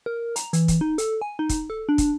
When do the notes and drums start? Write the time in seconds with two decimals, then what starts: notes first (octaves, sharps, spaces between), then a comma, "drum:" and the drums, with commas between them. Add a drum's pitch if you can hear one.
0.06 A#4
0.36 A#5, drum: hi-hat
0.53 E3, drum: hi-hat
0.68 drum: kick, hi-hat
0.81 D#4
0.98 A4, drum: hi-hat
1.22 G#5
1.39 D#4
1.49 drum: kick, hi-hat
1.70 A4
1.89 D4
1.98 drum: kick, hi-hat